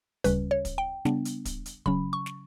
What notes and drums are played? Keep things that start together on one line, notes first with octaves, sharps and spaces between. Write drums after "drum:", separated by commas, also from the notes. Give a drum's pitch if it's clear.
D2 C#3 G3 C#4 B4, drum: kick, hi-hat
C#5
drum: kick, hi-hat
G5
C#3 G3 B3 D4, drum: snare
drum: hi-hat
drum: kick, hi-hat
drum: hi-hat
C#3 F#3 C#4 B5, drum: kick
C#6
drum: snare